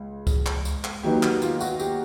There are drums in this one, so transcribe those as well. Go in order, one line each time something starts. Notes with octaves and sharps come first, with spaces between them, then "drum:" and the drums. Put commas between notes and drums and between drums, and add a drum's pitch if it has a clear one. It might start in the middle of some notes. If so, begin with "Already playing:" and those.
Already playing: C#2
G#4, drum: kick C#2, tambourine
drum: clap
drum: tambourine
drum: clap
D#2 D#3 F#3 B3 D#4 G4
F#4, drum: clap
F4, drum: tambourine
F#4, drum: tambourine
G4, drum: tambourine